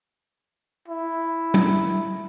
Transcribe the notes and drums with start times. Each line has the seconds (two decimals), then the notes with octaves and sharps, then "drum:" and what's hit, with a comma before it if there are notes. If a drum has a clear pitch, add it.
0.89 E4
1.54 drum: tom